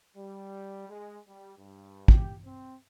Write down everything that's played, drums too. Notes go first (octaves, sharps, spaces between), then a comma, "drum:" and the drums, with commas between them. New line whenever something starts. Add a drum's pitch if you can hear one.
G3
G#3
G3
G2
G4, drum: kick
C4